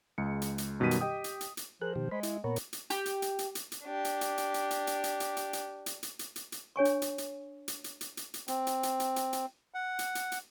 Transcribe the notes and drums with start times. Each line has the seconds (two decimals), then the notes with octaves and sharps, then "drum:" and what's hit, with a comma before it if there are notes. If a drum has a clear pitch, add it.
0.18 C#2 G#3 C#7
0.42 drum: hi-hat
0.58 drum: hi-hat
0.80 F#2 B2 D#3 G3 B6 D#7
0.91 drum: hi-hat
1.01 G4 D#5 G5 D#6
1.24 drum: hi-hat
1.41 drum: hi-hat
1.57 drum: hi-hat
1.81 F3 G#4 A#4 F#6
1.96 B2 D#3 G4
2.11 G#3 C5 B5
2.23 E4, drum: hi-hat
2.44 A#2 B3 A#4 C#5
2.56 drum: hi-hat
2.73 drum: hi-hat
2.90 G4, drum: hi-hat
3.06 drum: hi-hat
3.22 drum: hi-hat
3.39 drum: hi-hat
3.55 drum: hi-hat
3.72 drum: hi-hat
3.84 D4 G4
4.05 drum: hi-hat
4.21 drum: hi-hat
4.38 drum: hi-hat
4.54 drum: hi-hat
4.71 drum: hi-hat
4.87 drum: hi-hat
5.04 drum: hi-hat
5.20 drum: hi-hat
5.37 drum: hi-hat
5.53 drum: hi-hat
5.86 drum: hi-hat
6.03 drum: hi-hat
6.19 drum: hi-hat
6.36 drum: hi-hat
6.52 drum: hi-hat
6.76 D4 C#5 G#5 C#6
6.85 drum: hi-hat
7.02 drum: hi-hat
7.18 drum: hi-hat
7.68 drum: hi-hat
7.84 drum: hi-hat
8.01 drum: hi-hat
8.17 drum: hi-hat
8.34 drum: hi-hat
8.48 C4, drum: hi-hat
8.67 drum: hi-hat
8.83 drum: hi-hat
9.00 drum: hi-hat
9.16 drum: hi-hat
9.33 drum: hi-hat
9.74 F#5
9.99 drum: hi-hat
10.15 drum: hi-hat
10.32 drum: hi-hat